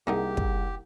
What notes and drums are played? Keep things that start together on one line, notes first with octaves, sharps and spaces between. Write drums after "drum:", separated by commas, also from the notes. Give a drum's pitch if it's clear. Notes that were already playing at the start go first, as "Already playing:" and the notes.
C2 A#3 D#4 G4 G#4 A#4 E5 F#5
drum: kick